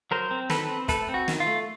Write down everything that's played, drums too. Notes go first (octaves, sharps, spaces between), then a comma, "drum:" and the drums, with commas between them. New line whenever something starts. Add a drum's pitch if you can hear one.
F#3 A#4 C5
C4
D#3 A4 B4, drum: snare
C4
A3 A4 B4, drum: kick, hi-hat
C4
F#4
D#3, drum: snare
F4
A3